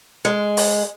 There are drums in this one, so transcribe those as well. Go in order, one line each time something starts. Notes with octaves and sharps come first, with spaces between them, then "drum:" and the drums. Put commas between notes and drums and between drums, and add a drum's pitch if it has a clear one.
G#3
drum: open hi-hat